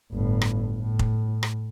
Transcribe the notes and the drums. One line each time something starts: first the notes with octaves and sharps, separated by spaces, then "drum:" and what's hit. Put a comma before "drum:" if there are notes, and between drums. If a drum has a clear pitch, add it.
G1 A2
drum: rim click
A2
drum: kick F1
drum: rim click